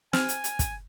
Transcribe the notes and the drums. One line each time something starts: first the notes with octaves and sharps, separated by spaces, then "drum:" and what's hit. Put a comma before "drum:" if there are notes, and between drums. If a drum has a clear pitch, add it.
C4 G#5 F6, drum: snare
drum: hi-hat
drum: hi-hat
drum: kick, hi-hat